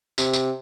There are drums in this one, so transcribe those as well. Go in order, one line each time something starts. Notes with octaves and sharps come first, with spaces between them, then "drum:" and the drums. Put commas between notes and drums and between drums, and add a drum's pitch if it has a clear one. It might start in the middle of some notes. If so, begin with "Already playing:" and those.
C3, drum: tambourine
drum: tambourine